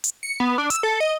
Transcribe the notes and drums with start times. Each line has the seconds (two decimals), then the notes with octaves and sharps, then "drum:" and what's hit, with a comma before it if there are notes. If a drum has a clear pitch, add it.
0.04 drum: hi-hat
0.23 C#7
0.40 B3
0.58 D4
0.70 E6, drum: hi-hat
0.83 A4
1.00 D#5